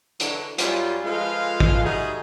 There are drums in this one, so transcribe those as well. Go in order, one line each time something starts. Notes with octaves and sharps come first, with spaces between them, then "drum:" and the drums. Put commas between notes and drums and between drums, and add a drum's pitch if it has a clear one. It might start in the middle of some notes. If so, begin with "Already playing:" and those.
D3 E3 F#3, drum: hi-hat
F#2 G3 C#4 F4, drum: hi-hat
F3 G#3 F4 A4 B4 F5
drum: kick
G3 A3 D#4 F#4 G#4